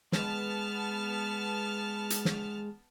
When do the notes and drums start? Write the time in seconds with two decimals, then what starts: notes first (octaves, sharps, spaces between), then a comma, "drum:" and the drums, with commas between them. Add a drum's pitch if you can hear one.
0.12 G#3 B3 A5 F6, drum: snare
2.10 drum: hi-hat
2.25 drum: snare